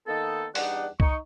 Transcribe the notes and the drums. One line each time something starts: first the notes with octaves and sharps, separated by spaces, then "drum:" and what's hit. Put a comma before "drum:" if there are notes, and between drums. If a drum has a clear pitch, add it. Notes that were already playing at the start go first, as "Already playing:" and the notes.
D#3 A#3 B3 D#4 A4
E2 G3 D4 D#4 F#5, drum: open hi-hat
D#4 C#6, drum: kick C2